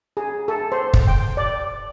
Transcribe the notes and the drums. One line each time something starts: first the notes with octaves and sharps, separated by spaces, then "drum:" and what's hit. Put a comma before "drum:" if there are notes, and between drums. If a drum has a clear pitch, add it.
G#4
A4
C5
drum: kick
G5
D5